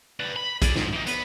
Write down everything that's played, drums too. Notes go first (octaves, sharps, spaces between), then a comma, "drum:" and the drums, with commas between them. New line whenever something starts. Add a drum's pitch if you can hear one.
B4 D5
B5
G#4 D5, drum: kick, hi-hat
G#2, drum: snare
E3 D#4
B3 B4, drum: hi-hat